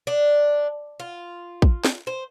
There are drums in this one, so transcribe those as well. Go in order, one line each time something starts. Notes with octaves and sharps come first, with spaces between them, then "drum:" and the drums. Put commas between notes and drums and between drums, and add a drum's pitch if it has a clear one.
D4
F4
drum: kick
drum: snare
C5